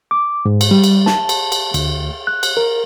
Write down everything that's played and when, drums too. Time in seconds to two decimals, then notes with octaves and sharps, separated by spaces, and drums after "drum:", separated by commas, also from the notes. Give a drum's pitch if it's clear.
0.11 D6
0.45 G#2
0.61 drum: cymbal
0.71 G3
0.84 drum: cymbal
1.06 A5, drum: snare
1.29 drum: cymbal
1.52 drum: cymbal
1.74 D2, drum: cymbal
2.27 F#6
2.43 drum: cymbal
2.57 A#4